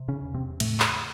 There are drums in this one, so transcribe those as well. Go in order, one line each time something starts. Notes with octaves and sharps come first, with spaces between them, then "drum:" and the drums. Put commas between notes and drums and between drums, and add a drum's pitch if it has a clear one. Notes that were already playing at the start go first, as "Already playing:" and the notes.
Already playing: C3
C#3 C#4
E2
C3 C4
A2 C#3 A3, drum: cymbal
drum: clap